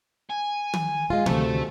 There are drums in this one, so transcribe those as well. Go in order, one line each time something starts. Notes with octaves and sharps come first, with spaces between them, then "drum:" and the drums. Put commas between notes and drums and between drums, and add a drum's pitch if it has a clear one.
G#5
drum: tom
G#3 F4
D2 C3 A3, drum: tom